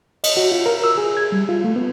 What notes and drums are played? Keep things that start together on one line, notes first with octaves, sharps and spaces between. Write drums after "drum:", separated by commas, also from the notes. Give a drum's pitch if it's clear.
D#5, drum: cymbal
F#4
F4
A#4
E6
G#4
G#6
G3
F4
A3
B3